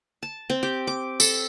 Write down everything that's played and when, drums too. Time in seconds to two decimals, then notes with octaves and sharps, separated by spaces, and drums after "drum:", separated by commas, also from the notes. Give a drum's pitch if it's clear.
0.23 A5
0.50 C4
0.63 G4
0.87 D6
1.20 A4, drum: tambourine